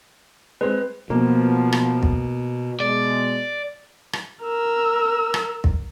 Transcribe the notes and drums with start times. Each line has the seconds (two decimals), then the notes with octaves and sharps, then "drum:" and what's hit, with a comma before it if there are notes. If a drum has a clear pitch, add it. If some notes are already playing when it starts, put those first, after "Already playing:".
0.61 G#3 C4 B4
1.10 B2 F3 A#3 B3
1.72 drum: rim click
2.03 drum: kick
2.80 B2 G#3 D5
4.13 drum: rim click
4.43 A#4 E6
5.34 drum: rim click
5.64 drum: kick